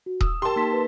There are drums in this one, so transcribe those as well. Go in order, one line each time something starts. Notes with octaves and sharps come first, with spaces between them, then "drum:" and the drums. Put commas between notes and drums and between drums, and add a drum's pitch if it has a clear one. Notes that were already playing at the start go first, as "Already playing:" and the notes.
F#4
D#6 E6, drum: kick D#1
G4 A#4 G5 A5 C6
A#3 D#4 B6
B4